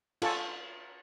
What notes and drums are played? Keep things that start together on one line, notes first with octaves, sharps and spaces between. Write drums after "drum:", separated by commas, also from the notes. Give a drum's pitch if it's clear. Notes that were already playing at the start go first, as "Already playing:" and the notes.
F4 A4 G#5 A5 C#6, drum: cymbal